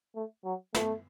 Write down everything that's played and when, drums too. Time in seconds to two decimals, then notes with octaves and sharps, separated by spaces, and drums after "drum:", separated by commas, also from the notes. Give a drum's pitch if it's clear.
0.15 A3
0.44 F#3
0.74 A3, drum: snare